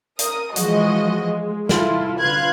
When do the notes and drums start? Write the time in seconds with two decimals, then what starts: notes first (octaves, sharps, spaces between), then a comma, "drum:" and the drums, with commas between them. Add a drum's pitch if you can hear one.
0.19 A#4 D#6, drum: hi-hat
0.56 E3 F3 G#3 F#4 D#5, drum: hi-hat
1.23 G#3
1.69 E4 F4 A4, drum: snare
2.21 D3 F4 B4 F5 F#6 G#6